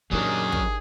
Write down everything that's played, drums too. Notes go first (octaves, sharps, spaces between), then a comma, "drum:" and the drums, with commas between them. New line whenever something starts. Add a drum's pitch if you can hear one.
A#2 D#3 E3 F#3 C#4 D4 G4 G#4
drum: kick